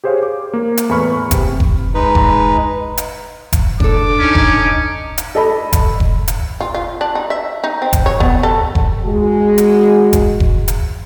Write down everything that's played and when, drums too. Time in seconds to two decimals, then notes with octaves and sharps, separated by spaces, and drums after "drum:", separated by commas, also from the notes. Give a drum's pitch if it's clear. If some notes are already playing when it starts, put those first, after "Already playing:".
0.04 G4 G#4 C5 C#5 F5
0.23 D6
0.53 A#3
0.77 drum: hi-hat
0.89 E2 A2 B4 B5 C#6 F6
1.31 C3, drum: kick F1, hi-hat
1.60 drum: kick F1
1.94 G#3 D#4 B4
2.15 drum: kick F1
2.98 drum: hi-hat
3.53 drum: kick F1, hi-hat
3.80 D4 A4 D6, drum: kick F1
4.19 C#4 D#4
4.35 drum: kick F1
5.18 drum: hi-hat
5.35 A4 D5 D#5 A5 B5
5.73 drum: kick F1, hi-hat
6.00 drum: kick F1
6.28 drum: hi-hat
6.61 F4
6.74 F4
7.01 D4
7.15 D#4
7.30 E5
7.64 D#4
7.82 C4
7.93 drum: kick F1, hi-hat
8.06 C#5
8.20 B3, drum: kick F1
8.43 A4
8.75 drum: kick F1
9.04 G#3 F#4
9.58 drum: hi-hat
10.13 drum: kick F1, hi-hat
10.40 drum: kick F1
10.68 drum: hi-hat